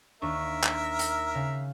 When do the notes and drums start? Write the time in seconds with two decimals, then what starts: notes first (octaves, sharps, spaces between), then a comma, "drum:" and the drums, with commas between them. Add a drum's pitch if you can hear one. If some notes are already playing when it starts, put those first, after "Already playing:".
0.22 D#2 D4 A#4 E5 C#6
0.64 drum: clap
0.99 drum: hi-hat
1.35 C#3 F5